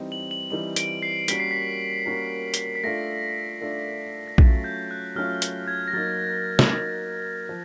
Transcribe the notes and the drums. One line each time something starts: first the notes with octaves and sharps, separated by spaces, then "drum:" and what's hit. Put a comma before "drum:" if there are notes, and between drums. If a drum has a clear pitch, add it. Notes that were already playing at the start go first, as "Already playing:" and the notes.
Already playing: E3 G3 C4 D#4
F#7
F#7
E3 G3 C4 D#4 F#7
D7, drum: hi-hat
C7
G3 A#3 C#4 F#4 A#4 B6, drum: hi-hat
C7
B6
G3 A#3 C#4 F#4 A#4
drum: hi-hat
B6
A3 D4 F4 A4 A#6
A3 D4 F4 A4
A#6
F#3 A3 C#4 F4 A6, drum: kick A#1
G6
F#6
F#6
F#3 A3 C#4 F4 F6
G6, drum: hi-hat
G#6
A#6
F#3 A#3 D#4 A6
drum: snare
F#3 A#3 D#4
F3